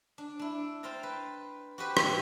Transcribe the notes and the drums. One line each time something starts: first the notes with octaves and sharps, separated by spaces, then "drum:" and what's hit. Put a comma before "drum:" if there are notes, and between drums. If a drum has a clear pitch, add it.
D4
D4 E4
C5 F5 G5 A5 A#5
B4
F#4 G4 B4 C5
A2 A#3 E5 A#5, drum: rim click